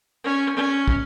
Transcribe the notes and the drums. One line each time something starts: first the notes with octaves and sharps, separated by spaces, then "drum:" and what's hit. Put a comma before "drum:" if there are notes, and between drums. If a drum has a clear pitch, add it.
C#4
C#4
drum: kick